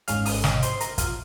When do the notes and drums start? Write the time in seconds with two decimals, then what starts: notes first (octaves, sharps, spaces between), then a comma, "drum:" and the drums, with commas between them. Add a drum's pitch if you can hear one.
0.08 G#1 G#2 D#3 G#3 C#4 F5 F6, drum: hi-hat
0.26 D#5 D#6, drum: open hi-hat
0.44 D#5 D#6, drum: snare
0.62 C5 C6, drum: hi-hat
0.80 A#4 A#5, drum: hi-hat
0.98 F4 F5, drum: kick, hi-hat